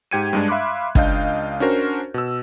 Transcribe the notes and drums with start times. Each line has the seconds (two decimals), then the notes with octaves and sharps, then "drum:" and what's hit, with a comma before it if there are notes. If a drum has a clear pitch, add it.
0.11 G#2 G4 G5 G#6 C#7 D#7
0.33 G2 G#3 D4
0.48 E5 F5 B5 C6 D6 F#6
0.95 C#2 D4 D#5 F5 G6, drum: kick
1.60 C#4 D4 F#4 A#4 C5
2.14 B2 E6